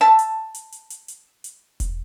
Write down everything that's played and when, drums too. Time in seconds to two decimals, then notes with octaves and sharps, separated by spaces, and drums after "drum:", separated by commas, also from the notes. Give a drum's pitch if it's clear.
0.01 E5 A5
0.19 drum: hi-hat
0.55 drum: hi-hat
0.72 drum: hi-hat
0.90 drum: hi-hat
1.08 drum: hi-hat
1.44 drum: hi-hat
1.80 drum: kick E1, hi-hat